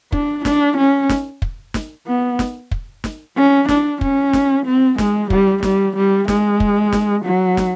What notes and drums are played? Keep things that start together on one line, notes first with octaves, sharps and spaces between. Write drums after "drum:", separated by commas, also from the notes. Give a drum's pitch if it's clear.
D4, drum: kick
D4, drum: snare
C#4
drum: snare
drum: kick
drum: snare
B3
drum: snare
drum: kick
drum: snare
C#4
D4, drum: snare
C#4, drum: kick
drum: snare
C4
G#3, drum: snare
G3, drum: kick
G3, drum: snare
G3
G#3, drum: snare
drum: kick
drum: snare
F#3
drum: snare